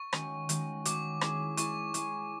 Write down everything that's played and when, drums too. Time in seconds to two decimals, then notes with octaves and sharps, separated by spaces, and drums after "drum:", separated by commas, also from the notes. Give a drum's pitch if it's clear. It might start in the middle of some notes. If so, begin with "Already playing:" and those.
Already playing: C#6
0.13 D#3 G#3 C#4 F#4, drum: rim click
0.49 D#3 G#3 C#4 F#4, drum: hi-hat
0.85 D#3 G#3 C#4 F#4 D6, drum: hi-hat
1.21 G#3 C#4 E4 G#4, drum: rim click
1.57 G#3 C#4 E4 G#4 C#6, drum: hi-hat
1.94 G#3 C#4 E4 G#4, drum: hi-hat